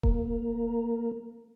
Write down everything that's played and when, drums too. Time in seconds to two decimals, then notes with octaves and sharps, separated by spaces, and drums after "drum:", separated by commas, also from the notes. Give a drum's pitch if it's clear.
0.03 A#3, drum: kick D#1